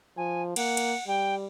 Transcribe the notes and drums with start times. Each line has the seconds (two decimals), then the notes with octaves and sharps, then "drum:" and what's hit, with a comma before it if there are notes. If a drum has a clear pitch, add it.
0.17 F3 G#5
0.56 A#3 F#5, drum: cymbal
0.77 drum: cymbal
1.07 G3 G5